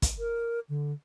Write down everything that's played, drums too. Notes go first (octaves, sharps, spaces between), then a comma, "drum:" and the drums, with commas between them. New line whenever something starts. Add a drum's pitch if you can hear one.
drum: kick, hi-hat
A#4
D3